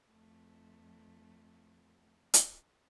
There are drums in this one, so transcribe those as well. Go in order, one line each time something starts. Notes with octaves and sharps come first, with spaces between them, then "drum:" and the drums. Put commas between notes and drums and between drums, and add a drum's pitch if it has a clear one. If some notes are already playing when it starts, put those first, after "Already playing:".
F2 A3
drum: hi-hat